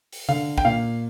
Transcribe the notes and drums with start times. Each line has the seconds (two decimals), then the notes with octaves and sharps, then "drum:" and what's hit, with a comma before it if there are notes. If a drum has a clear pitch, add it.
0.13 drum: open hi-hat
0.29 D3 F5, drum: tom C3
0.58 G5, drum: kick
0.65 A#2 F5